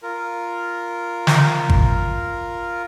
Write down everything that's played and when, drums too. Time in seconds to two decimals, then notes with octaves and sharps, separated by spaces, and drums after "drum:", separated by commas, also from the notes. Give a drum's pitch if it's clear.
0.03 F4 A#4
1.27 drum: snare
1.69 drum: kick G#1